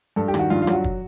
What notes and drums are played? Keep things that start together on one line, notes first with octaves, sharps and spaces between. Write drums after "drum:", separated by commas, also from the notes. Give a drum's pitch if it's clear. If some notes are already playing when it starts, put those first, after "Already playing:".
G2 A4
G4
D#3, drum: rim click
F#4
G2 F4
F4
F#3, drum: rim click
F#4
drum: kick